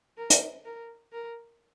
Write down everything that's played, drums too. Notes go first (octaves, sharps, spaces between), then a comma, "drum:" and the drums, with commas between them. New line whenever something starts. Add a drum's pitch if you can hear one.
A#4
drum: hi-hat
A#4
A#4